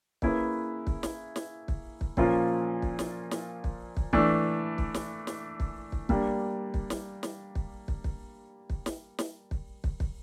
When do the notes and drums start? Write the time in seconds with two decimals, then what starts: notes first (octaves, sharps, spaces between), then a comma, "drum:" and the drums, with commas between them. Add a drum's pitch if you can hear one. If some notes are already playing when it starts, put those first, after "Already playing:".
0.22 A#3 C#4 E4 G#4 B4, drum: kick
0.87 drum: kick
1.03 drum: snare
1.36 drum: snare
1.68 drum: kick
2.01 drum: kick
2.17 A#2 F3 A#3 C#4 F4, drum: kick
2.82 drum: kick
2.99 drum: snare
3.31 drum: snare
3.64 drum: kick
3.97 drum: kick
4.13 E3 A3 D4, drum: kick
4.78 drum: kick
4.94 drum: snare
5.27 drum: snare
5.60 drum: kick
5.92 drum: kick
6.09 G3 A#3 D4, drum: kick
6.74 drum: kick
6.90 drum: snare
7.23 drum: snare
7.55 drum: kick
7.88 drum: kick
8.04 drum: kick
8.70 drum: kick
8.86 drum: snare
9.19 drum: snare
9.51 drum: kick
9.84 drum: kick
10.00 drum: kick